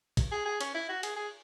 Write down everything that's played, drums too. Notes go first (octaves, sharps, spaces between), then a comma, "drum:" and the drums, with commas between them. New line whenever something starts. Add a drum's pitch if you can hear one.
drum: kick, cymbal
G#4
G#4
C#4, drum: cymbal
E4
F#4
G#4, drum: cymbal
G#4